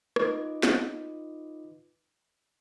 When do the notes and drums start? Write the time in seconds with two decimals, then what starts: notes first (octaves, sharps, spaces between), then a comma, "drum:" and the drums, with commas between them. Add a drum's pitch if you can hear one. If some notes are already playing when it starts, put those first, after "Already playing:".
0.16 D#4 F4 B4 D#5 D6, drum: rim click
0.63 drum: snare